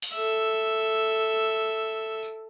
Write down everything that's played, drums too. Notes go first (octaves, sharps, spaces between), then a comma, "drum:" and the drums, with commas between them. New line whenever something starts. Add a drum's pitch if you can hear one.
drum: open hi-hat
A4 E5
drum: tambourine